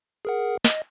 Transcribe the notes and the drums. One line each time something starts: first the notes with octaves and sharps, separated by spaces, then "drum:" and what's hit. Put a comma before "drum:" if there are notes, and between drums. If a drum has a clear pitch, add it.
G#4 A#4 F#5
D#5, drum: snare